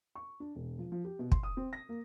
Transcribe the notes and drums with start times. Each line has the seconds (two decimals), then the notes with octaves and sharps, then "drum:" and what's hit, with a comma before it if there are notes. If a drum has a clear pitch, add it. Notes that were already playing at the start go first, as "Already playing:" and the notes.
0.15 C#6
0.40 D4
0.55 E1
0.79 F3
0.92 F3
1.05 G4
1.19 B2
1.32 C6, drum: kick
1.43 D#6
1.57 C4
1.73 A#6
1.89 A#3